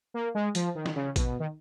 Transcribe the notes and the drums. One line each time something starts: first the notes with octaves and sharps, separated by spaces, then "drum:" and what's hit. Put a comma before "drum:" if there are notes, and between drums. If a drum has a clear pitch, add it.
A#3
G#3
F3, drum: hi-hat
D#3
drum: snare
C#3
B2, drum: kick A1, hi-hat
D#3